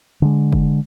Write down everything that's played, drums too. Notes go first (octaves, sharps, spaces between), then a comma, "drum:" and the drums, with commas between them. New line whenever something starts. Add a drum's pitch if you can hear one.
D3 G#3
drum: kick F#1